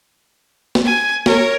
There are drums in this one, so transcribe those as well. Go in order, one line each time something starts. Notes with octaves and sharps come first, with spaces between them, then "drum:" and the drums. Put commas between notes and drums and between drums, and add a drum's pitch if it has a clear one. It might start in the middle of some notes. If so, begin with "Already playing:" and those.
drum: snare
G#5
A#4 C#5, drum: snare